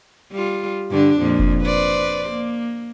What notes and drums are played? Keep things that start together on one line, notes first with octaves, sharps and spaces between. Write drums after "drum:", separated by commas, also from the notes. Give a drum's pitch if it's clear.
G3 F4
G2 D3 D4
F2 A#2
drum: kick F1
B4 C5 D5
A#3